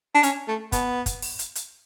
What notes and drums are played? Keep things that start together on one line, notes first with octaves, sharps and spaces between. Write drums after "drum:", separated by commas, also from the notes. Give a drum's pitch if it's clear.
D4
C#4, drum: hi-hat
A3
B3, drum: kick, hi-hat
drum: kick, hi-hat
drum: open hi-hat
drum: hi-hat
drum: hi-hat